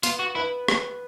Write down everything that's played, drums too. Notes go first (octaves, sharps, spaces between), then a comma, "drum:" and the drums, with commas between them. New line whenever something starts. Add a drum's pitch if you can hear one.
B3 F4, drum: hi-hat
F#4
E4 B4
drum: rim click